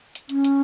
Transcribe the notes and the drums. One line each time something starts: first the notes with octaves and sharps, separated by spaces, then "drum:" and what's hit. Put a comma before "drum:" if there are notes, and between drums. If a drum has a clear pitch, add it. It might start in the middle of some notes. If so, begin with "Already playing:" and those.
drum: hi-hat
C#4, drum: hi-hat
drum: hi-hat